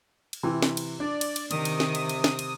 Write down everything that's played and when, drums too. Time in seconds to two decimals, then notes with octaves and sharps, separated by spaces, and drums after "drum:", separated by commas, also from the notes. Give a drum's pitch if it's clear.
0.33 drum: cymbal
0.43 C3 E3
0.62 drum: snare
0.77 drum: cymbal
1.00 D4 D5
1.21 drum: cymbal
1.36 drum: cymbal
1.51 C3 D#3 D#6, drum: cymbal
1.65 drum: cymbal
1.80 drum: snare
1.95 drum: cymbal
2.09 drum: cymbal
2.24 drum: snare
2.39 drum: cymbal